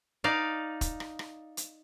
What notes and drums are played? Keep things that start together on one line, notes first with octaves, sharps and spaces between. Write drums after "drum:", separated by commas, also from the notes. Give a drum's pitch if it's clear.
D#4 D5 F5
drum: kick, hi-hat
drum: rim click
drum: rim click
drum: hi-hat